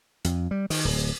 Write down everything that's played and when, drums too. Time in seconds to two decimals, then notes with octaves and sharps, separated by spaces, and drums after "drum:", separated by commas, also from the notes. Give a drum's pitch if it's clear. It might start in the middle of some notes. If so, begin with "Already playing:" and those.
0.24 F2, drum: hi-hat
0.51 G3
0.70 D#3, drum: open hi-hat
0.85 D1